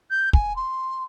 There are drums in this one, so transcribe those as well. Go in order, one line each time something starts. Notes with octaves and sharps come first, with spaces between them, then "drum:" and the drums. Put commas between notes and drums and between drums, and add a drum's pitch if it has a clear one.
G6
G#5, drum: kick
C6